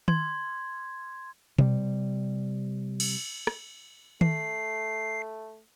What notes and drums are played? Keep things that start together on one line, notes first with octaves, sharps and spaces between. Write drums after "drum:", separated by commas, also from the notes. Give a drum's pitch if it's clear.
C6 G#6, drum: tom D#3
C3 G3, drum: tom B2
drum: cymbal
drum: rim click
A3 C7, drum: tom D#3